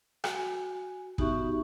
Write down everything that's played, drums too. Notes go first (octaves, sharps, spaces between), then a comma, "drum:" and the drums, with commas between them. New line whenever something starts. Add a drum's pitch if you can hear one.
F#4 G#5, drum: rim click
B3 D#4 F#4 G4 E5 C#6, drum: kick